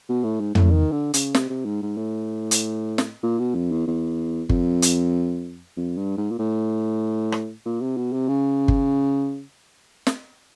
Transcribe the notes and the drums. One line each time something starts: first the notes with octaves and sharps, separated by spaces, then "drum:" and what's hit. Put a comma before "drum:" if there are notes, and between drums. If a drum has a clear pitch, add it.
B2
A2
G#2
A2, drum: tom
D#3
D3
C#3, drum: hi-hat
C3, drum: snare
C3
G#2
G#2
A2
drum: hi-hat
drum: snare
A#2
B2
F2
E2
E2
F2, drum: kick G1
drum: hi-hat
F2
G2
G#2
A#2
A2
drum: rim click
A#2
C3
B2
C3
C#3
drum: kick G1
drum: snare